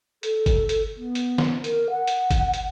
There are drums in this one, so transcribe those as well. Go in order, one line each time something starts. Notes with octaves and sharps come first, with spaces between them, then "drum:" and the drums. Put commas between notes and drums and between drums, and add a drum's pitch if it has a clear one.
A4, drum: hi-hat
drum: kick G1, hi-hat
drum: hi-hat
B3
drum: hi-hat
drum: snare
A#4, drum: hi-hat
F#5
drum: hi-hat
drum: kick G1, hi-hat
drum: hi-hat